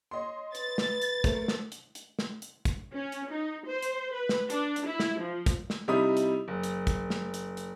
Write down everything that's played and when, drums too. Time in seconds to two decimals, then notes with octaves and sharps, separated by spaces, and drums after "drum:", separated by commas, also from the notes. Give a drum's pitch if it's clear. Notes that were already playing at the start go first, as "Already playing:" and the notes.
0.11 C#5 D#5 C6
0.55 B4 A6, drum: hi-hat
0.78 drum: snare
1.02 drum: hi-hat
1.24 A3 A#4 C5, drum: kick, hi-hat
1.48 drum: snare
1.72 drum: hi-hat
1.95 drum: hi-hat
2.19 drum: snare
2.42 drum: hi-hat
2.65 drum: kick, hi-hat
2.93 C#4
3.12 drum: hi-hat
3.30 D#4
3.66 C5
3.83 drum: hi-hat
4.13 B4
4.29 drum: snare
4.50 D4, drum: hi-hat
4.76 drum: hi-hat
4.86 E4
5.00 drum: snare
5.20 F3
5.46 drum: kick, hi-hat
5.70 drum: snare
5.88 C3 G3 D#4 E4 D#6
6.17 drum: hi-hat
6.48 F#1
6.63 drum: hi-hat
6.87 drum: kick, hi-hat
7.10 drum: snare
7.34 drum: hi-hat
7.57 drum: hi-hat